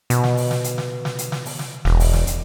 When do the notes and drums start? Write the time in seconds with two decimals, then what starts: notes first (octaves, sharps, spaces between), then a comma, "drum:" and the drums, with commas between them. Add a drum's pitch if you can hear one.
0.10 B2, drum: hi-hat
0.24 drum: snare
0.37 drum: open hi-hat
0.51 drum: snare
0.64 drum: hi-hat
0.78 drum: snare
1.05 drum: snare
1.19 drum: hi-hat
1.32 drum: snare
1.46 drum: open hi-hat
1.59 drum: snare
1.85 E1, drum: snare
2.00 drum: open hi-hat
2.13 drum: snare
2.27 drum: hi-hat